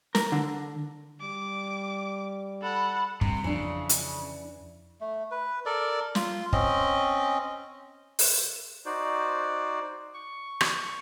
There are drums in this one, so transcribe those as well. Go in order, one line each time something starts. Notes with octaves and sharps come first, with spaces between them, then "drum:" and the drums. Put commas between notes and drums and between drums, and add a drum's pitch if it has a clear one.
A#4, drum: snare
D3
G3 D6
A4 F#5 B5
G2 C3, drum: kick
F2 C#3 E3 D4
drum: hi-hat
A3
B4
A4 A#4 D5
F4, drum: snare
C4 C#4 D#5, drum: kick
drum: open hi-hat
D#4 F#4 C5 D5
C#6
drum: rim click